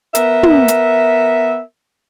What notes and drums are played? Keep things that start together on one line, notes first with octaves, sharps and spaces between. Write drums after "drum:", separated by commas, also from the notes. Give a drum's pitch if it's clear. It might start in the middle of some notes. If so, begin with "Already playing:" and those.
B3 A#4 E5, drum: hi-hat
drum: tom
drum: hi-hat